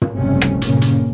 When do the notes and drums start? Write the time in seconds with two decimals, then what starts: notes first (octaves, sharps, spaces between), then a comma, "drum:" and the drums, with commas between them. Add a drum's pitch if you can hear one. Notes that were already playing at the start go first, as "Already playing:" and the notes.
0.02 drum: tom
0.16 F#1 F2 C3 G3 A3 C#4
0.42 drum: rim click
0.61 G2 A#2 C#3 A#3 C#4, drum: hi-hat
0.81 drum: hi-hat